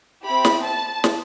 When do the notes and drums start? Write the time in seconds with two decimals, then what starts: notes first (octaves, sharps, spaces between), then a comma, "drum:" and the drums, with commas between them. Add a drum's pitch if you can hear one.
0.25 C4 E4 G4 B5
0.45 drum: snare
0.64 A5
1.04 drum: snare